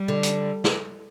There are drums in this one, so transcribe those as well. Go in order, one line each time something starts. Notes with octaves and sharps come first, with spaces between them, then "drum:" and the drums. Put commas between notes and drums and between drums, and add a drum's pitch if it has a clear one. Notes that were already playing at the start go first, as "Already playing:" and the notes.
Already playing: G3
D3
drum: hi-hat
drum: snare